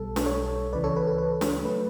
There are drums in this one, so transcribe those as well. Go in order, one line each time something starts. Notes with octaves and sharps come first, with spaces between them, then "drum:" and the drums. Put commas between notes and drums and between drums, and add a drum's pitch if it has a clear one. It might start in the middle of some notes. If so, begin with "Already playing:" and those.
Already playing: B1 B2 G3 A4
drum: snare
A4 C#5
C#2 C#3 E3 B4 D5
A4 C#5
B4
A4
B4
drum: snare
F#3 A3 B4